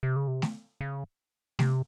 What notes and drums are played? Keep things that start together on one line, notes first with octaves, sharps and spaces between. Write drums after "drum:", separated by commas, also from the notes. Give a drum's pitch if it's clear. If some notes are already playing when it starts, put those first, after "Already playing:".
C3
C#3
C3
drum: snare A3
C#3
C3, drum: snare A3